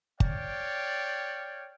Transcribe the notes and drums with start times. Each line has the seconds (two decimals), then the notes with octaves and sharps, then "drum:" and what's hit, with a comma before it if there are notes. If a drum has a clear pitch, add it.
0.20 C#5 D5 F5 G5, drum: kick